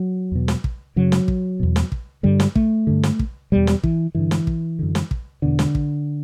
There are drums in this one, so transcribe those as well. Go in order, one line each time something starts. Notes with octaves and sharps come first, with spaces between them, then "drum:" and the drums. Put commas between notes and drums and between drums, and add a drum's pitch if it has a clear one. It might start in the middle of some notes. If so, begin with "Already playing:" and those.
Already playing: F#3
E2 B2
drum: snare
drum: kick
F#2 C#3 F#3
drum: snare
drum: kick
E2 B2
drum: snare
drum: kick
G2 D3 G3
drum: snare
A3, drum: kick
G2 D3
drum: snare
drum: kick
E2 B2 G3
drum: snare
E3, drum: kick
G2 D3 E3
drum: snare
drum: kick
F#2 D3
drum: snare
drum: kick
E2 B2 D3
drum: snare
drum: kick